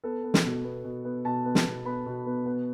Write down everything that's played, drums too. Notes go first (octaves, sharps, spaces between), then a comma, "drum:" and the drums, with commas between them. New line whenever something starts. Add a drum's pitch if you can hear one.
B3 A4
B3
drum: snare
B2
B3
B2
B3
B2 A5
B3
drum: snare
B2
B3 B5
B2
B3
B3